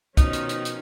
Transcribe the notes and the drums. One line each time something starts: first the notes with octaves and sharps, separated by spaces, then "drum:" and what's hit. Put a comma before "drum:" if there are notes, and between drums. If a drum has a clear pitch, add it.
B2 D#3 F3 C#4 D#4, drum: kick, hi-hat
drum: hi-hat
drum: hi-hat
drum: hi-hat